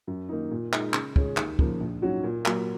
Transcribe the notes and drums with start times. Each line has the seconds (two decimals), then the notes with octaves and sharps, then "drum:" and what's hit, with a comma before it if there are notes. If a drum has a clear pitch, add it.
0.07 F#2
0.29 D#3 A#3 D#4
0.51 A#2
0.73 G#3 D#4, drum: clap
0.94 C#3, drum: clap
1.16 G#3 C#4 G#4, drum: kick
1.37 D#2, drum: clap
1.59 C#3 F3 A#3, drum: kick
1.80 A#1
2.01 G#2 F#3 C#4 F#4
2.23 A#2
2.45 F#3 A#3, drum: clap